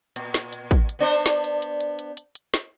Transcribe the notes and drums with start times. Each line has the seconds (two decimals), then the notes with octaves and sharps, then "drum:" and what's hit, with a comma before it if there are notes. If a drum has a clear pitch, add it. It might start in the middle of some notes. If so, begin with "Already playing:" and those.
0.16 A#2, drum: hi-hat
0.34 drum: snare
0.53 drum: hi-hat
0.71 drum: kick, hi-hat
0.89 drum: hi-hat
0.99 B3 D4 C5
1.26 drum: snare
1.44 drum: hi-hat
1.62 drum: hi-hat
1.81 drum: hi-hat
1.99 drum: hi-hat
2.17 drum: hi-hat
2.35 drum: hi-hat
2.54 drum: snare